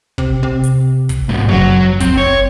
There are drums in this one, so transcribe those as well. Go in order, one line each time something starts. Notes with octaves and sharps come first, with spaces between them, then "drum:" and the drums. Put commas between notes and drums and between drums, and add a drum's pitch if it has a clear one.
C3, drum: kick
C3
drum: hi-hat
drum: kick, hi-hat
G#2 B2
F#1 F#3
C4, drum: kick, hi-hat
C#5